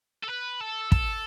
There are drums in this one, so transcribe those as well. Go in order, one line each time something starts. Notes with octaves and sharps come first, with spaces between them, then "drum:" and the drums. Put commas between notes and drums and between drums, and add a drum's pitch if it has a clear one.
A4
B4
A4
A4, drum: kick